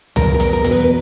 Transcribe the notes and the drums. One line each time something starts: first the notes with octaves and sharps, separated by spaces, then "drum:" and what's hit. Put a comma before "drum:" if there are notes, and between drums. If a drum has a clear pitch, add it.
E2 A#4, drum: tom C2
A#4
E2, drum: hi-hat
A#4
B2, drum: hi-hat
B4
B4